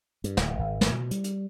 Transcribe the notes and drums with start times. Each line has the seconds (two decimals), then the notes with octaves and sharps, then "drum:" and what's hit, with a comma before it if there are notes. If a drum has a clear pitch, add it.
0.24 G2, drum: hi-hat
0.37 D1, drum: snare
0.59 G#1
0.81 drum: snare
0.91 B2
1.11 G3, drum: hi-hat
1.24 drum: hi-hat